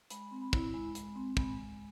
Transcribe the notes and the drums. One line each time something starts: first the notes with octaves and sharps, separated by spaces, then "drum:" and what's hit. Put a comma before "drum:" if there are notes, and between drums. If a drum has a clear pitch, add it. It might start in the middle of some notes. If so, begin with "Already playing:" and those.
G#3 B5, drum: hi-hat
C4
B5
E4, drum: kick
G#3 B5
G#3, drum: hi-hat
C4
G#3 B5, drum: kick